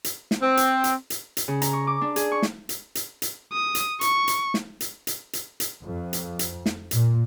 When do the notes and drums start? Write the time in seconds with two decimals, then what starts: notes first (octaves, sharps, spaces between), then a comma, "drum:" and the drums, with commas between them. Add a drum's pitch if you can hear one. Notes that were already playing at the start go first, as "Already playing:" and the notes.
0.04 drum: hi-hat
0.31 drum: snare
0.42 C4
0.57 drum: hi-hat
0.84 drum: hi-hat
1.10 drum: hi-hat
1.37 drum: hi-hat
1.48 C#3
1.62 A#5, drum: hi-hat
1.73 C#6
1.87 D6
2.01 D4
2.16 G#4, drum: hi-hat
2.32 C#6
2.42 drum: snare
2.69 drum: hi-hat
2.95 drum: hi-hat
3.22 drum: hi-hat
3.53 D#6
3.75 drum: hi-hat
4.01 C#6, drum: hi-hat
4.28 drum: hi-hat
4.54 drum: snare
4.80 drum: hi-hat
5.07 drum: hi-hat
5.33 drum: hi-hat
5.60 drum: hi-hat
5.83 F2
6.13 drum: hi-hat
6.39 drum: hi-hat
6.66 drum: snare
6.91 A#2, drum: hi-hat